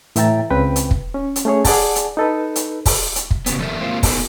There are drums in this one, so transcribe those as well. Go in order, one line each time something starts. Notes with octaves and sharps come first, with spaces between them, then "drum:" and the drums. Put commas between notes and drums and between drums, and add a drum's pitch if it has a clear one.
A2 E3 E5 G5 A#5 A6, drum: hi-hat
C#2 C#3 C4 B4 G5
drum: hi-hat
drum: kick
C#4
drum: hi-hat
A3 C#4 G#4 C#5
G#4 D5 F#5 G#5 A5, drum: kick, open hi-hat
drum: hi-hat
D#4 A4 B4
drum: hi-hat
drum: kick, open hi-hat
drum: hi-hat
drum: kick
C#3 B3, drum: hi-hat
F#2 E3 A4 A#4 D5 E5
G#3 A#3 C4 F4 C5
B3 D#4 F#4 A#4 G#5, drum: kick, open hi-hat